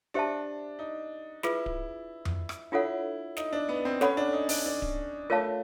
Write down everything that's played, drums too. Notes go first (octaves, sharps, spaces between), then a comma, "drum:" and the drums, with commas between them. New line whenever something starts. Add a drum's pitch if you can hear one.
D4 G4 C5 E5 A5
D#4
E4 F4 G#4 B4, drum: snare
drum: kick D1
drum: tom F2
drum: rim click
D4 E4 F4 A4 C#5 F#5
D#4, drum: snare
D4
B3
C4
C#4 A4 C#5 F#5 B5, drum: snare
D4
D#4
D4, drum: open hi-hat
D4
drum: kick D1
A3 F4 A#4 C#5 F5 A5